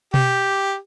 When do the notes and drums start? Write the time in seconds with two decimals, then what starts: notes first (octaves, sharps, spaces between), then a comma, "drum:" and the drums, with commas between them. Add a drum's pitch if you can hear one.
0.14 G4, drum: tom B2